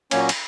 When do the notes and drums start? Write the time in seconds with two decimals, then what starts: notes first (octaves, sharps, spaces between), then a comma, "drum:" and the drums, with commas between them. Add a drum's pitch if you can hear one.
0.11 A#2 F#3 A#3 C#4 C#5, drum: cymbal
0.29 drum: cymbal